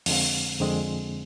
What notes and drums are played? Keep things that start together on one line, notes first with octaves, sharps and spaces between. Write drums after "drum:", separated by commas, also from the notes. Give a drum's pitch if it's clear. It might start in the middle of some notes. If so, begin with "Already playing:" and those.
F2 D3 G#3 C4, drum: open hi-hat
F2 D3 G#3 C4